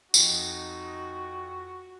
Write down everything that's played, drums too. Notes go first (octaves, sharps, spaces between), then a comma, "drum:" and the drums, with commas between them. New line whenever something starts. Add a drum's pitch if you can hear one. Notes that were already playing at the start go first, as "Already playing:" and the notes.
F2 D#4 F#4, drum: tambourine